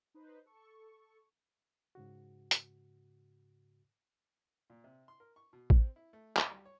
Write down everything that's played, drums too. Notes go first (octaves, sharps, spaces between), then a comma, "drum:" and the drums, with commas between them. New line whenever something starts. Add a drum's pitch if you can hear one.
D#4 B4 C5
A4 C#6
G#2 C#3 F#4
drum: hi-hat
A#2
C3
C6
A#4
C#6
B2
C4, drum: kick A1
E4
A3
D2, drum: clap
G3
C#5